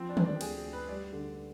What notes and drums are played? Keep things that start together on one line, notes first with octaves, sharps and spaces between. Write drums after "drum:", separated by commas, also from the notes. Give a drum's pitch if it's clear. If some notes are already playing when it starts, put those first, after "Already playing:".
Already playing: F3 C4
D4
D3, drum: tom D#3
D4
G4
D2 G#4, drum: cymbal
D2
B4
G3 D5
D3